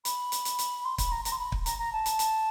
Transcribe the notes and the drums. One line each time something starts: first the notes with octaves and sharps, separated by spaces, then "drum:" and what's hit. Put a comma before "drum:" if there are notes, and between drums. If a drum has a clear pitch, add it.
B5, drum: hi-hat
drum: hi-hat
drum: hi-hat
drum: hi-hat
C6
B5, drum: kick, hi-hat
A#5
A#5, drum: hi-hat
C6
B5
drum: kick
A#5, drum: hi-hat
A#5
A5
drum: hi-hat
drum: hi-hat